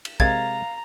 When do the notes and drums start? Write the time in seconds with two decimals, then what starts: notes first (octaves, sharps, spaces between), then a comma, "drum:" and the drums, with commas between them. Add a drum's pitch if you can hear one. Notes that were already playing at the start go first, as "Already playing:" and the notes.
0.05 drum: cymbal
0.20 C3 G#3 A#4 F5 A#5 G#6 A6, drum: kick